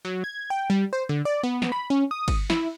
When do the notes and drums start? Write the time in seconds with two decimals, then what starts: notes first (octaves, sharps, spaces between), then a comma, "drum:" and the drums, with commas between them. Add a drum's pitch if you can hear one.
0.05 F#3
0.24 G#6
0.50 G5
0.70 G3
0.93 C5
1.09 D3
1.25 D5
1.43 B3
1.62 drum: snare
1.72 B5
1.90 C#4
2.11 D#6
2.28 drum: kick, cymbal
2.50 E4, drum: snare